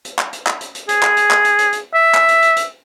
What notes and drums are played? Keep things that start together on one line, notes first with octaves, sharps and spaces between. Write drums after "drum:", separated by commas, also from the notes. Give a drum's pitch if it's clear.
drum: hi-hat
drum: clap
drum: hi-hat
drum: clap
drum: hi-hat
drum: hi-hat
G#4, drum: hi-hat
drum: clap
drum: hi-hat
drum: clap
drum: hi-hat
drum: hi-hat
drum: hi-hat
E5
drum: clap
drum: hi-hat
drum: hi-hat
drum: hi-hat